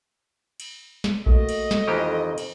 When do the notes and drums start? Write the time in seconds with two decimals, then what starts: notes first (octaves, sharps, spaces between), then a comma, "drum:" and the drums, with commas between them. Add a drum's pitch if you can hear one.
0.60 drum: cymbal
1.04 drum: snare
1.26 A3 A#3 F#4 D#5, drum: kick A#1
1.49 drum: cymbal
1.71 drum: snare
1.88 F2 D#3 E3 G4
2.38 drum: cymbal